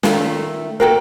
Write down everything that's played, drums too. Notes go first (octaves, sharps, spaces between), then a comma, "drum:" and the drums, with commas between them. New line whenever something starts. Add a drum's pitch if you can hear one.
D#3 A3 F4, drum: snare
A#3 F#4 A4 A#4 G5